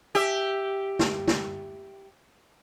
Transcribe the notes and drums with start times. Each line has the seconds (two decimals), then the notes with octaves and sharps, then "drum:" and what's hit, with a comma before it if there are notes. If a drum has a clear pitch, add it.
0.15 G4 E5
0.99 drum: snare
1.28 drum: snare